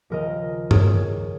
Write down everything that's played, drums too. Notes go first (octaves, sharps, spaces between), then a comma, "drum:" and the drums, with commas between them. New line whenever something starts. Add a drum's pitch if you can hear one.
D#2 C#3 F3 A#4 D#5
G#4 C#5, drum: tom G2